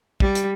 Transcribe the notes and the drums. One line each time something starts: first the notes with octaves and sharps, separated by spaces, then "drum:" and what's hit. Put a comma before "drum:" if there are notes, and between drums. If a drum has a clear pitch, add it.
G3, drum: kick
drum: hi-hat